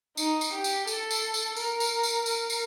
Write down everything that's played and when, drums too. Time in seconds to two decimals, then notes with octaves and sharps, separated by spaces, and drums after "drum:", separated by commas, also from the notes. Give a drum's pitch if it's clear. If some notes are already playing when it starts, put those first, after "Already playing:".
0.17 D#4, drum: tambourine
0.41 drum: tambourine
0.53 G4
0.64 drum: tambourine
0.87 A4, drum: tambourine
1.11 drum: tambourine
1.34 drum: tambourine
1.56 A#4, drum: tambourine
1.80 drum: tambourine
2.03 drum: tambourine
2.26 A#4, drum: tambourine
2.50 drum: tambourine